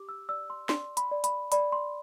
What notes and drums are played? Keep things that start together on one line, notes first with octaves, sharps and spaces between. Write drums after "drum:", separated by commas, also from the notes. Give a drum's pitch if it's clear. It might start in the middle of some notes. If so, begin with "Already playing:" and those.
Already playing: G4 D6
E6
D5 E6
C6
D5 C6, drum: snare
B5, drum: hi-hat
D5
B5, drum: hi-hat
D5 B5, drum: hi-hat
C6